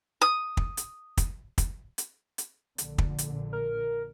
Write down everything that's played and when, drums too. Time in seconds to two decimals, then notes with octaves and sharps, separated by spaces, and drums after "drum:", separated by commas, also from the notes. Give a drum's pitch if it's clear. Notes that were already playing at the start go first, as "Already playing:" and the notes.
0.22 D#6
0.57 drum: kick
0.77 drum: hi-hat
1.17 drum: kick, hi-hat
1.58 drum: kick, hi-hat
1.98 drum: hi-hat
2.38 drum: hi-hat
2.78 A#1 A#2 D3, drum: hi-hat
2.98 drum: kick
3.18 drum: hi-hat
3.53 A#4